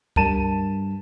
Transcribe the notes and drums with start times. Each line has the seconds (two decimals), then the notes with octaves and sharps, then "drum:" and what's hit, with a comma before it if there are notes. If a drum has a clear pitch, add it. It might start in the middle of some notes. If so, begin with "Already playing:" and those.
0.16 G2 A#4 A5 D#7 E7, drum: kick C#2